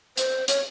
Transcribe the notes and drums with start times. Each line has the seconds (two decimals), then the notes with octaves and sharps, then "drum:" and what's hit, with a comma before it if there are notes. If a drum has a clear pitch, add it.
0.17 C5, drum: hi-hat
0.48 C#5, drum: hi-hat